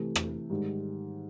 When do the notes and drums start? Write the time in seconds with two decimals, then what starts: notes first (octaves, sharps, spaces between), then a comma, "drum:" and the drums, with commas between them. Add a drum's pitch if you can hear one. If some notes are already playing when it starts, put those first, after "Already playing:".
Already playing: C3 E3 A3
0.15 drum: rim click
0.50 G#2 D#3 G3